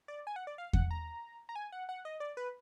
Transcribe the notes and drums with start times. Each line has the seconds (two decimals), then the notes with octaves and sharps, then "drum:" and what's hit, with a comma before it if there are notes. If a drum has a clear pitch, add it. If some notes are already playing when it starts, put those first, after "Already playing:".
0.08 D5
0.27 G#5
0.36 F#5
0.47 D5
0.58 F5
0.73 F#5, drum: kick E2
0.91 A#5
1.49 A#5
1.56 G#5
1.72 F#5
1.89 F#5
2.05 D#5
2.20 D5
2.37 B4